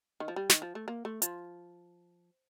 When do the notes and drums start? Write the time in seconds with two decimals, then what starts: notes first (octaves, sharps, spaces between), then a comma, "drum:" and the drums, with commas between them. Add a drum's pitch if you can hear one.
0.20 D#3
0.28 F3
0.36 G3
0.50 D#3, drum: snare
0.62 F3
0.75 A3
0.88 A#3
1.05 A3
1.22 F3, drum: hi-hat